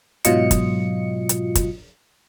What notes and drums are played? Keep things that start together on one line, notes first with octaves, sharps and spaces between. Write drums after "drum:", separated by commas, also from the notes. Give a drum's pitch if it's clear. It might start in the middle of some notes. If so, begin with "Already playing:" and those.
G#2 B2 F#3 F4 D#5 C#7, drum: hi-hat
drum: kick, hi-hat
drum: hi-hat
drum: kick, hi-hat